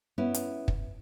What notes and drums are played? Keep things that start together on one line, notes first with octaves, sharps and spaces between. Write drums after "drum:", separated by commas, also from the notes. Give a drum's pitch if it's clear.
B3 C#4 E4
drum: hi-hat
drum: kick